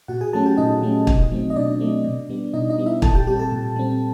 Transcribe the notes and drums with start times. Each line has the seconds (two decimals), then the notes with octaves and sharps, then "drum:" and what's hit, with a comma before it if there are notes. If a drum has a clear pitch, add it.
0.08 A#2 F#4 F#5
0.21 G#4 G#5
0.33 F#3 A3 C#4 A4 A5
0.46 G4 G5
0.57 A#2 D#4 D#5
0.82 F#3 A3 C#4
1.07 B2, drum: kick
1.31 F#3 A3 C4
1.50 D#5
1.56 B2 D4 D5
1.80 F#3 A3 C4
2.04 B2
2.30 G3 B3
2.53 B2 D#4 D#5
2.70 D#4 D#5
2.78 G3 B3
2.86 E4 E5
3.02 A#2 A4 A5, drum: kick
3.15 G4 G5
3.27 G3 C4 G4 G5
3.39 A4 A5
3.52 A#2
3.76 G3 C4